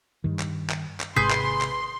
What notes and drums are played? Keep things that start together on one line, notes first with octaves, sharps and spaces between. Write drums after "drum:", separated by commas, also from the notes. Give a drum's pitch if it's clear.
G2 D#3
drum: clap
drum: clap
drum: clap
G#1 G#2 C3 G#4 B4 C6 G6
drum: clap
drum: clap